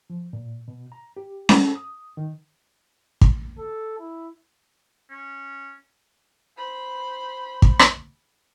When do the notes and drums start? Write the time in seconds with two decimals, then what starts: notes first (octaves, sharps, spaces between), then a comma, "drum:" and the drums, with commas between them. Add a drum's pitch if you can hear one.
0.10 F3
0.33 A#2
0.68 B2
0.92 A#5
1.17 G4
1.49 A4, drum: snare C#4
1.75 D#6
2.17 D#3
3.21 drum: kick
3.58 A4
3.99 E4
5.10 C#4
6.57 C5 B5
7.62 drum: kick
7.79 drum: rim click